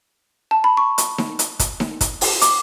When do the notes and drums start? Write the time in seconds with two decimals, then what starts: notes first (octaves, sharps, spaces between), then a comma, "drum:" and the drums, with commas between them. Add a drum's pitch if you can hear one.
0.51 A5
0.64 B5
0.77 C#6
0.98 drum: hi-hat
1.18 drum: snare D#4
1.39 drum: hi-hat
1.59 drum: kick, hi-hat
1.80 drum: snare D#4
2.01 drum: kick, hi-hat
2.21 drum: open hi-hat
2.42 D6, drum: hi-hat